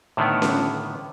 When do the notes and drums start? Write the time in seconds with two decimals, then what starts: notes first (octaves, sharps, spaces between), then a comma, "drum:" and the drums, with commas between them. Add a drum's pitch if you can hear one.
0.17 A2 D3 D#3 B3
0.42 drum: snare C#4